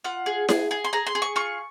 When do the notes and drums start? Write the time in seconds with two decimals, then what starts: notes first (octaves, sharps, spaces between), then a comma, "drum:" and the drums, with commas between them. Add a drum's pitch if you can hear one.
0.04 F4 F#5
0.26 G#4
0.49 G#4, drum: snare E4
0.71 G#4
0.84 C6
0.93 G#4 A#5
1.06 C6
1.15 G#4
1.22 C#6
1.36 F4 C#6